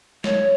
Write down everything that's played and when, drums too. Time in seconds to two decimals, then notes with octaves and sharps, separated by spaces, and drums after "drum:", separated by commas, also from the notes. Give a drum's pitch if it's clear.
0.24 C#5, drum: snare